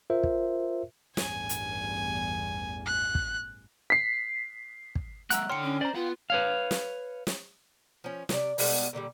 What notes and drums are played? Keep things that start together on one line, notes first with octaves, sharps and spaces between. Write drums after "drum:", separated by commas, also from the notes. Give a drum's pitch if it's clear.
F4 A#4 C5 E5
drum: kick
A1 E2 G2 G#5, drum: snare
drum: hi-hat
F#6
drum: kick
B6 C7
drum: kick
G#3 A#3 F#5 A#5 E6 F#6, drum: hi-hat
D3 C#5 G5 C6 F6 C#7
C#4
C5 D5 A#5
B3 F4 F5 G5
B4 C#5 F5
drum: snare
drum: snare
F3 C#4
C3 D5, drum: snare
B2 G3 G#3 B3, drum: open hi-hat
A#2 D3 E3 G3